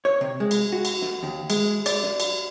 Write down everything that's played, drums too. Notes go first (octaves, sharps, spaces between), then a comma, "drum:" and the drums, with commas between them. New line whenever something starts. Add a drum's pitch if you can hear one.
C#5
C3
G#3
drum: cymbal
F#4
drum: cymbal
drum: snare
D#2
G#3, drum: cymbal
D5, drum: cymbal
drum: snare
drum: cymbal